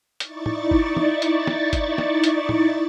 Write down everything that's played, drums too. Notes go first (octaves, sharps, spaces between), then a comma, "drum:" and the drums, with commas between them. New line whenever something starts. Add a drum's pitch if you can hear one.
D#4 E4 D5 C#6 A6, drum: hi-hat
drum: tom
drum: kick G1
drum: tom
drum: hi-hat
drum: snare
drum: kick G1, hi-hat
drum: snare
drum: hi-hat
drum: tom